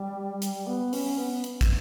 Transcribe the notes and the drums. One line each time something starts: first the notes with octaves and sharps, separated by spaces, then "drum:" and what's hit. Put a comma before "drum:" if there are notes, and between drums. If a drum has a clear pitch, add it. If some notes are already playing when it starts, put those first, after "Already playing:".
Already playing: G3
G3, drum: hi-hat
B3
C#4, drum: open hi-hat
B3
drum: hi-hat
drum: kick, hi-hat